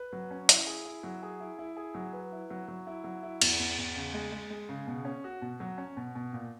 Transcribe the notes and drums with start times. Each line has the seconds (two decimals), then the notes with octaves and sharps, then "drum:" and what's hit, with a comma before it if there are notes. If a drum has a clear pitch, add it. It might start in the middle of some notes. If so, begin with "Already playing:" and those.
Already playing: B4
0.12 F#3
0.31 C#4
0.49 E4, drum: hi-hat
0.67 G#4
0.85 E4
1.03 F#3
1.23 G#4
1.40 E4
1.59 E4
1.77 G#4
1.94 F#3
2.13 B4
2.32 E4
2.50 F#3
2.68 F#3
2.87 E4
3.04 F#3
3.23 E4
3.41 E2, drum: cymbal
3.59 E2
3.78 E2
3.96 C#3
4.13 G#3
4.32 G#3
4.50 G#3
4.69 C#3
4.87 B2
5.05 C#4
5.24 F#4
5.42 B2
5.60 F#3
5.78 C#4
5.97 B2
6.15 B2
6.33 A#2